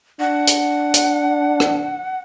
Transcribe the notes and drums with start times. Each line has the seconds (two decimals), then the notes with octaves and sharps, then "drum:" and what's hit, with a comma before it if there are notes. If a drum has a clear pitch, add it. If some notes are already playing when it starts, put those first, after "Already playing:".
0.20 D4 F#5
0.47 drum: hi-hat
0.94 drum: hi-hat
1.60 drum: rim click